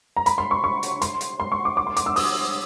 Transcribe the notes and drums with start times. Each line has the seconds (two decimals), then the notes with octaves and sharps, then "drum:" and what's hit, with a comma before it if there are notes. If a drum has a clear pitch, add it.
0.17 A#5
0.26 B5, drum: hi-hat
0.38 C6
0.51 C#6
0.64 C#6
0.83 drum: hi-hat
1.02 C6, drum: hi-hat
1.21 drum: hi-hat
1.40 C6
1.52 C#6
1.65 D6
1.77 D6
1.87 C6
1.97 D6, drum: hi-hat
2.06 E6
2.16 D#6, drum: open hi-hat